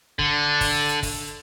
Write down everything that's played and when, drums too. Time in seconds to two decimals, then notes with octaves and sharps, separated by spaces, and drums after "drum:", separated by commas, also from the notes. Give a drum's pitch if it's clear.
0.19 D3, drum: kick
0.61 drum: kick, open hi-hat
0.89 drum: hi-hat
1.03 drum: kick, open hi-hat